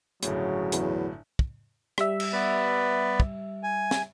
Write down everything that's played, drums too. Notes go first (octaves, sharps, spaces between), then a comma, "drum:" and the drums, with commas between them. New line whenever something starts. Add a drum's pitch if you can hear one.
G1 A2 C#3 F#3, drum: hi-hat
E2, drum: hi-hat
drum: kick
G3 E5, drum: rim click
drum: cymbal
B3 B4 D5
drum: kick
G#5
drum: snare